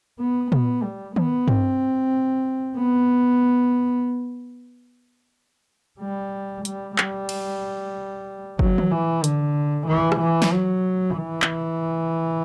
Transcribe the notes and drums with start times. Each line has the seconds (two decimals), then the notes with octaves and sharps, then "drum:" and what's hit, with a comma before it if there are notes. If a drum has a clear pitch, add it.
0.19 B3
0.52 B3, drum: tom A#2
0.83 G3
1.16 B3, drum: tom D#3
1.48 C4, drum: tom G2
2.78 B3
6.00 G3
6.65 G3, drum: hi-hat
6.98 G3, drum: clap
7.29 drum: cymbal
8.59 F#3, drum: kick G1
8.78 drum: tom D#3
8.91 E3
9.24 D3, drum: hi-hat
9.88 E3
10.12 drum: rim click
10.21 E3
10.42 drum: snare
10.53 F#3
11.17 E3
11.42 drum: clap